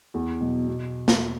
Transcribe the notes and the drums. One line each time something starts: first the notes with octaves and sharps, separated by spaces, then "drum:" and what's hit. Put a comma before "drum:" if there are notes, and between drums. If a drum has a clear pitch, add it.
E2
B2 F#3
B2
drum: snare A#3